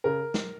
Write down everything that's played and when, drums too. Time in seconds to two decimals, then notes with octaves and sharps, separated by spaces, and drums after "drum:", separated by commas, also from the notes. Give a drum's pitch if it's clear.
0.04 C#3 A#4
0.34 drum: snare